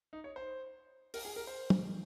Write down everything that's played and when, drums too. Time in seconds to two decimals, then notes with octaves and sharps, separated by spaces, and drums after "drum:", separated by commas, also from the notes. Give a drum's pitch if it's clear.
0.13 D#4
0.24 C#5
0.36 C5
1.14 A#4, drum: open hi-hat
1.25 G#4
1.36 A#4
1.47 C5
1.70 drum: tom